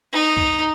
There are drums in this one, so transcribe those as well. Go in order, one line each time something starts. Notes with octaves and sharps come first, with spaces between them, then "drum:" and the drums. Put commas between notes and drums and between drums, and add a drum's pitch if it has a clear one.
D#4
drum: kick